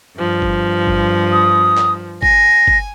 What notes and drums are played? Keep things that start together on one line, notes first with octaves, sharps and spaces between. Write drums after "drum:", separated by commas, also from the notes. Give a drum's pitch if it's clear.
G2 F3
drum: kick G1
drum: kick G1
D#6
drum: clap
G#5 A#6, drum: kick G1
drum: kick G1